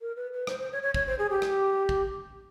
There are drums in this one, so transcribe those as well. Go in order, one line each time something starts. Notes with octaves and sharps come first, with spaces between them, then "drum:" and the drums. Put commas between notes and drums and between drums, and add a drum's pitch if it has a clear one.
A#4
B4
B4
C5, drum: rim click
C5
C#5
C#5
C#5, drum: kick
C5
G#4
G4
drum: rim click
drum: kick